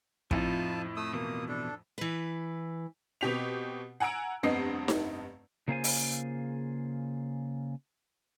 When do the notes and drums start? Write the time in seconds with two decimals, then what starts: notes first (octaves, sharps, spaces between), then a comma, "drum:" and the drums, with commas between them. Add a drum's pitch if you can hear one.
0.31 F2 A2 F3 C4 D#4 F4 A5, drum: kick
0.97 A3 D#6 E6
1.13 B2 E3 A#3 D#6
1.49 D4 A4
1.98 E3 B4
3.21 B2 C4 G4 B6 F7
4.00 F#5 G#5 A#5 E6 D7
4.43 F1 G2 B3 C4 D#5 C7
4.88 drum: snare D#4
5.68 C#3 A#3 F4 G#4 C5 G#5
5.84 drum: open hi-hat